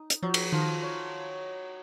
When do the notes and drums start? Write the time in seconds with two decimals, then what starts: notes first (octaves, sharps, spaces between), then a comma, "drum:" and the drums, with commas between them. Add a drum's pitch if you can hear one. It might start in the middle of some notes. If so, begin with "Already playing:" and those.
Already playing: D#4
0.10 drum: hi-hat
0.23 F3 F#3
0.34 drum: cymbal
0.52 D#3 F3
0.83 C#5